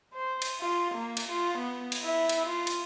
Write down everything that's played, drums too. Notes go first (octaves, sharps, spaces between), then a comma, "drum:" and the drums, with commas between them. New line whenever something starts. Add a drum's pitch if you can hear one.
C5
drum: cymbal
F4
A#3
drum: cymbal
F4
B3
drum: cymbal
E4
drum: cymbal
F4
drum: cymbal